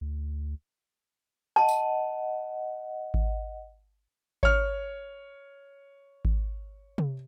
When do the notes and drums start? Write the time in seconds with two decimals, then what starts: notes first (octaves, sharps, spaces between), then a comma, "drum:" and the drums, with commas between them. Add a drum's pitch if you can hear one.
0.01 D2
1.56 D#5 F#5 A5
1.69 drum: tambourine
3.14 drum: kick G#1
4.43 C#5 F6, drum: kick G#1
6.25 drum: kick G#1
6.98 drum: tom C3